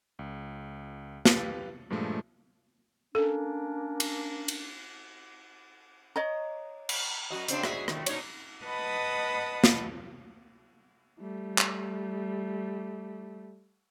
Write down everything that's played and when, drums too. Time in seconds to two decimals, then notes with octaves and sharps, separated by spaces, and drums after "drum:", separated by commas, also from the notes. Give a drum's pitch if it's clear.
0.19 C#2
1.25 G4 B4 F5 A6, drum: snare
1.90 G2 A#2 F3 G#3 A3
3.15 A#3 C#4 D4 A4
4.00 drum: cymbal
4.48 drum: cymbal
6.16 C#5 D#5 A#5
6.89 drum: cymbal
7.30 F#2 F#4 D#5
7.48 C#3 C4 D4, drum: hi-hat
7.63 F#4 G#4 E5, drum: rim click
7.88 D#3 A3, drum: rim click
8.06 B2 D#4 C#5, drum: cymbal
8.64 B4 D#5 F#5 A5 B5 D#6
9.64 drum: snare
11.21 G3 A3
11.58 drum: clap